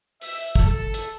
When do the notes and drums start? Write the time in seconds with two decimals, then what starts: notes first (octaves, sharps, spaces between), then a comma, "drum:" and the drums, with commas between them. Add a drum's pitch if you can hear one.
0.21 E5, drum: open hi-hat
0.55 A4, drum: kick, hi-hat
0.94 drum: hi-hat